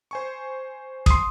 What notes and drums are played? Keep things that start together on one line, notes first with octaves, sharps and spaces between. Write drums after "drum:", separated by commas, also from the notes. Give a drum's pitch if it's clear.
C5 G#5 C#6
C6 D#6, drum: kick